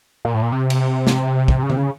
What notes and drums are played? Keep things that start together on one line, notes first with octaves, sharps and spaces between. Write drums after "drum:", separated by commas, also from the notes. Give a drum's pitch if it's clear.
A#2
A2
A#2
C3
drum: cymbal
drum: snare
drum: kick
C#3
C3, drum: tom D3
C#3